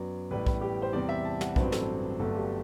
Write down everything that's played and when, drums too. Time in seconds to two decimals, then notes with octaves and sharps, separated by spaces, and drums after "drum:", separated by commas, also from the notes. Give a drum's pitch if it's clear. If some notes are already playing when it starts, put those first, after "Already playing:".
Already playing: F#2 F#3 B3 D5
0.30 A1 A2 G3 B3 B4
0.46 B4, drum: kick
0.61 G4
0.82 C5
0.93 E2 C3 G3 C4 D5
1.09 E5
1.25 A5
1.41 F#5, drum: snare
1.56 A1 G2 F#3 C4 B4, drum: kick
1.72 A4, drum: snare
2.19 G1 G2 F#3 A3 A4
2.35 G4